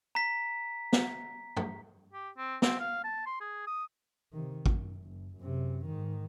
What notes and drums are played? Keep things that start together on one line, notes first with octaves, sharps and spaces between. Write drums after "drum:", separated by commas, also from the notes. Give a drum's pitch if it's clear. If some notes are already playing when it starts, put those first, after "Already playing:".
A#5 B6
drum: snare
drum: tom
G4
C4
C4, drum: snare
F5
A5
C6
G#4
D#6
C3 D#3
F#2, drum: kick
F#1
F#2 C3
G#2 D#3